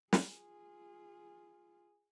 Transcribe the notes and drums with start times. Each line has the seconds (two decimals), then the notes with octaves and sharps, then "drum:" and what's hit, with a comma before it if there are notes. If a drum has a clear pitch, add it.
0.13 F4 G#4, drum: snare